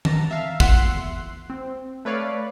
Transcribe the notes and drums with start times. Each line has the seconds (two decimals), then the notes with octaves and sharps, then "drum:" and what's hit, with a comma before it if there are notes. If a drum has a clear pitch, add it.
0.05 A5 A#5, drum: tom D#3
0.31 E5 F5
0.60 E2 E5 F#5 C6 F#6, drum: kick
1.50 C4
2.05 A3 B4 C#5 D5 F5